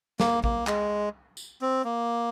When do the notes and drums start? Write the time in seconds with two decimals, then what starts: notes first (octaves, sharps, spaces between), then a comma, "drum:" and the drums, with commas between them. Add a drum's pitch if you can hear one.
0.20 A#3, drum: snare
0.44 A#3, drum: kick A1
0.67 G#3, drum: clap
1.37 drum: tambourine
1.61 C4
1.84 A#3